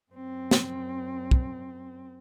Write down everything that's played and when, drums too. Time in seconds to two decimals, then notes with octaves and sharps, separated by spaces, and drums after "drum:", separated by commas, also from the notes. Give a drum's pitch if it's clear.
0.12 F#2 C4
0.51 drum: snare
1.31 drum: kick